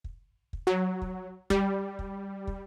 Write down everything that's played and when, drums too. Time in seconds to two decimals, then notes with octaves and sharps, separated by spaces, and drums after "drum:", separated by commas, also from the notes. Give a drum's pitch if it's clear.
0.04 drum: kick
0.53 drum: kick
0.67 F#3
1.02 drum: kick
1.50 G3, drum: kick
1.99 drum: kick
2.47 drum: kick